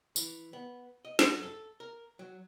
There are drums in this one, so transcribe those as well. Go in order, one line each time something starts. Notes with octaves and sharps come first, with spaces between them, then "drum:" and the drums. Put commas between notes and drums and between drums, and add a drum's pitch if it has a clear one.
E3, drum: tambourine
B3
D#5
F#2, drum: snare
A4
A#4
F#3